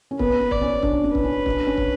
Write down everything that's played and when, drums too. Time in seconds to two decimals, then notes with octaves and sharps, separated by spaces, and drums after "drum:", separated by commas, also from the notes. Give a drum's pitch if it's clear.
0.11 C#4
0.19 B3 B4, drum: kick
0.41 B3
0.51 D5, drum: kick
0.62 C#4
0.83 D4, drum: kick
1.04 C#4
1.15 B4, drum: kick
1.25 C#4
1.46 D4, drum: kick
1.67 C#4
1.77 drum: kick